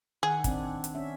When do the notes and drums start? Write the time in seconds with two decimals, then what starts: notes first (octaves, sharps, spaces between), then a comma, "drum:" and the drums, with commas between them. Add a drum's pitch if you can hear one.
0.23 D#3 G#4 F#5
0.44 C4 D4, drum: kick, hi-hat
0.84 drum: hi-hat
0.95 C#4 E5